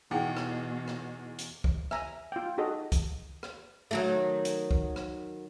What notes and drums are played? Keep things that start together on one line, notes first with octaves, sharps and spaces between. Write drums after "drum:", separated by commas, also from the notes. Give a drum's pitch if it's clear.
E2 B2 D#4 G#4 F#5 G5
drum: rim click
drum: rim click
drum: hi-hat
drum: kick
E5 G#5 A#5, drum: rim click
F4 G5
D#4 F#4 G#4 A4 D#5
drum: kick, hi-hat
drum: rim click
D#3 F#3 A3
drum: hi-hat
drum: kick
drum: rim click